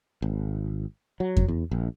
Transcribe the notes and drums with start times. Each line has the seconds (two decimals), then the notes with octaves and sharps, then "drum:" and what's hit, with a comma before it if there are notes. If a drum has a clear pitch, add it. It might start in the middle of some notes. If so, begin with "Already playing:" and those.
0.22 G#1
1.20 F#3
1.37 drum: kick F2
1.48 E2
1.71 A#1